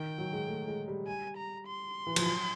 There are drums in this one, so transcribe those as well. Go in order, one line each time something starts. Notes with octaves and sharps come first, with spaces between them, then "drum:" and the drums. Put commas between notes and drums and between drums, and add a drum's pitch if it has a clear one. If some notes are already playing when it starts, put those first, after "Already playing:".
Already playing: D#3 G5
F#3
G#3
A3
G#3
G3
G#5
A#5
C6
E3
F3, drum: cymbal
F#3